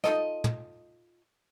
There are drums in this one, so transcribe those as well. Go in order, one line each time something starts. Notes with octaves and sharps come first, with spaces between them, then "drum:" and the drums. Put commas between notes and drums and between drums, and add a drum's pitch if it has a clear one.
D#4 F4 A4 D#5, drum: rim click
drum: tom